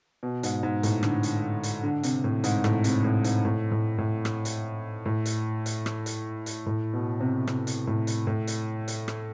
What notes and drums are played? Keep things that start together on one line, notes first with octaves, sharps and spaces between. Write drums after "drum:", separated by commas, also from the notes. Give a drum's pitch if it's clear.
B2
G#2, drum: hi-hat
G#2
A2, drum: hi-hat
D3, drum: rim click
drum: hi-hat
drum: hi-hat
D3
C3, drum: hi-hat
A2
G#2, drum: hi-hat
A2, drum: rim click
C3, drum: hi-hat
A2
G#2, drum: hi-hat
A2
A2
A2
drum: rim click
drum: hi-hat
A2
drum: hi-hat
drum: hi-hat
drum: rim click
drum: hi-hat
drum: hi-hat
A2
B2
C3
C3, drum: rim click
drum: hi-hat
A2
drum: hi-hat
A2
drum: hi-hat
drum: hi-hat
drum: rim click